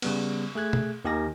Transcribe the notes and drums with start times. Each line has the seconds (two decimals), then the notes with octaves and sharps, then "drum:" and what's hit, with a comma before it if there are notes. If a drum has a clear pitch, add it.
0.02 C#3 G3 B3, drum: cymbal
0.55 A3 G#4 F#6 G#6
0.73 drum: tom B2
1.05 D#2 D#3 G4 A#4 G#5 A#6